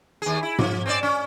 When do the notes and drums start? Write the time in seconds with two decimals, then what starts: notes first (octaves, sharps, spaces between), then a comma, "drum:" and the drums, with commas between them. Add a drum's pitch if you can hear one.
0.22 D#2 G#4
0.43 E4
0.59 F3, drum: tom G#2
0.86 C4 C#4 D5
1.03 C#4